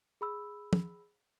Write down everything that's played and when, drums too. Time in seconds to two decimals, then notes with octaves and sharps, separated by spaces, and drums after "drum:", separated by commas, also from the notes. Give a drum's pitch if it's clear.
0.21 G#4 B5 E6
0.73 drum: tom